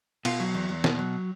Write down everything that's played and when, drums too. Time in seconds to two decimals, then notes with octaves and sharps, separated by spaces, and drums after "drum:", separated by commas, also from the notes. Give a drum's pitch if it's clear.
0.25 B2 F4, drum: cymbal
0.40 F#3
0.54 E2
0.69 E2
0.84 B2, drum: snare
0.99 F#3